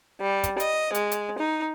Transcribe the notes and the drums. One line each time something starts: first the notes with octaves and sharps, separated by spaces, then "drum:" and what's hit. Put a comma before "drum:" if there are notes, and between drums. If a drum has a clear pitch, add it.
G3
drum: kick, hi-hat
D#5, drum: hi-hat
G#3, drum: hi-hat
drum: hi-hat
D#4